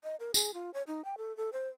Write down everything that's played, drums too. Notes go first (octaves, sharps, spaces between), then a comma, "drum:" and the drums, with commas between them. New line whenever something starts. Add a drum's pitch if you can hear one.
D#5
A#4
G#4, drum: tambourine
F4
C#5
D#4
G5
A4
A4
C5